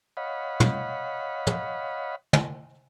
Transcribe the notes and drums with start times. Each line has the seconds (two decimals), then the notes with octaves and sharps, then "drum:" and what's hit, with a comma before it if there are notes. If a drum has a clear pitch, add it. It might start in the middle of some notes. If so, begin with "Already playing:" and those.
0.17 C#5 D#5 F5 F#5 B5
0.60 drum: tom
1.47 drum: tom
2.33 drum: tom